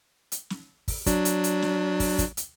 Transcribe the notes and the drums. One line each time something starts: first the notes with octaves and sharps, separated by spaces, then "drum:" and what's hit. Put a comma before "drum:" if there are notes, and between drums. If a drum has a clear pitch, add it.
drum: hi-hat
drum: snare
drum: kick, open hi-hat
F#3 D4, drum: kick, hi-hat
drum: hi-hat
drum: hi-hat
drum: snare
drum: kick, open hi-hat
drum: kick, hi-hat
drum: hi-hat